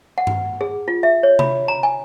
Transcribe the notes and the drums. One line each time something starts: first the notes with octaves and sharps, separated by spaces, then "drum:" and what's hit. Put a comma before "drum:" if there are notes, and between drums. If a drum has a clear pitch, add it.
F#5
drum: tom G2
G#4
F4
E5
C#5
B5, drum: tom C3
A#5
G#5